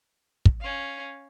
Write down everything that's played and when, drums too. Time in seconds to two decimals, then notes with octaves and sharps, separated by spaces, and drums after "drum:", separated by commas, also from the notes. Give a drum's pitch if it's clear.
0.45 drum: kick
0.60 C#4 F5